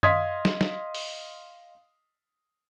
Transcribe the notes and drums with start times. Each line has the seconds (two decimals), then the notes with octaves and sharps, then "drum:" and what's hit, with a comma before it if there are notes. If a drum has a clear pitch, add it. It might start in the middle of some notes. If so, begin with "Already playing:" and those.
0.03 D#5 F5 C6 D#6 G#6 B6, drum: tom F#2
0.45 drum: snare
0.61 drum: snare
0.95 drum: open hi-hat